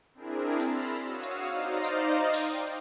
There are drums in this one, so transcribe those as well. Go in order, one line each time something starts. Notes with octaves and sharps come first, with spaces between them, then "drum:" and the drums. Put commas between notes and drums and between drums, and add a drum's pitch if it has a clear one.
C4 D4 E4 G#4 A#4
B5 C6 E6 F6 A6 A#6, drum: open hi-hat
F#4 C#5 F5 D#6 E6
drum: hi-hat
D#4 C5 D5 D#5 F5 A#5
drum: tambourine
G5, drum: cymbal